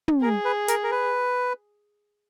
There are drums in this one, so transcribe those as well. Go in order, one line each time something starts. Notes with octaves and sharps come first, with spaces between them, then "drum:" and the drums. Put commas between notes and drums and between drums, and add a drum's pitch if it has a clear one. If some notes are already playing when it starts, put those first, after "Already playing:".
drum: tom
G#4 A#4
B4
A#4, drum: hi-hat
A#4
B4